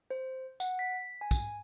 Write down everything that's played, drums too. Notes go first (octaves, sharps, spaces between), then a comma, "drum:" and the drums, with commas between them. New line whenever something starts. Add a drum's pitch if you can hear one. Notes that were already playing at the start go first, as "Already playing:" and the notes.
C5
F#5, drum: tambourine
B6
G#5
drum: kick, tambourine